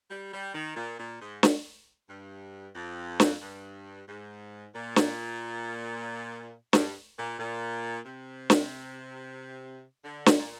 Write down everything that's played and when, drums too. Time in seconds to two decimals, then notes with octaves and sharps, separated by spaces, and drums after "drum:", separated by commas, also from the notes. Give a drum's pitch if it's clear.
0.10 G3
0.33 G3
0.55 D#3
0.76 A#2
0.98 A#2
1.21 G#2
1.43 drum: snare
2.09 G2
2.75 F2
3.20 drum: snare
3.42 G2
4.08 G#2
4.75 A#2
4.96 drum: snare
6.73 G2, drum: snare
7.17 A#2
7.39 A#2
8.05 C3
8.50 drum: snare
10.04 D3
10.26 drum: snare
10.37 A#2